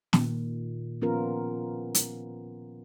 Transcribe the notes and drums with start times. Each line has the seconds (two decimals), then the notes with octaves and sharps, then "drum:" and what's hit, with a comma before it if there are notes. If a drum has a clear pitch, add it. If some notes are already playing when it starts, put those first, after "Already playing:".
0.13 A#2 D#3, drum: snare
1.01 F3 B3 C#4 F4 A#4
1.95 drum: hi-hat